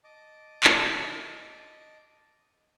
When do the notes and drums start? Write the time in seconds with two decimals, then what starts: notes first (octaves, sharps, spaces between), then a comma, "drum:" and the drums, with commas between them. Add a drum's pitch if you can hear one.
0.04 D#5 A5 D6
0.64 drum: clap